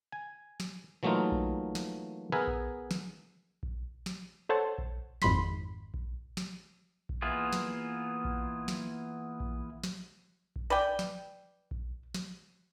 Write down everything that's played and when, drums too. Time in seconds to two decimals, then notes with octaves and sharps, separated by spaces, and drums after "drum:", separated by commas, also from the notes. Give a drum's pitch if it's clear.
0.12 G#5
0.60 drum: snare
1.03 E3 F#3 A3 A#3 D#4 F4
1.32 drum: kick A#1
1.75 drum: snare
2.32 B3 G#4 A#4 B4 E5 G#5
2.47 drum: kick A#1
2.91 drum: snare
3.63 drum: kick A#1
4.06 drum: snare
4.49 A4 C5 C#5 F#5 A5
4.78 drum: kick A#1
5.22 G#1 F2 G#2 B5 C6 B6, drum: snare
5.94 drum: kick A#1
6.37 drum: snare
7.09 drum: kick A#1
7.22 E3 A#3 B3 F4 G#4
7.53 drum: snare
8.25 drum: kick A#1
8.68 drum: snare
9.40 drum: kick A#1
9.84 drum: snare
10.56 drum: kick A#1
10.70 B4 D5 G5
10.99 drum: snare
11.71 drum: kick A#1
12.14 drum: snare